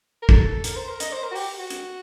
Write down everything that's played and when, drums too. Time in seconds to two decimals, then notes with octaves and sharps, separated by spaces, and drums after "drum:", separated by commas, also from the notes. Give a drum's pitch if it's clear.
0.22 A#4
0.29 A4, drum: kick
0.64 A#4, drum: hi-hat
0.76 C5
0.89 A#4
1.00 D#5, drum: hi-hat
1.12 C5
1.24 A#4
1.31 F#4
1.36 G4, drum: open hi-hat
1.59 F#4
1.70 drum: hi-hat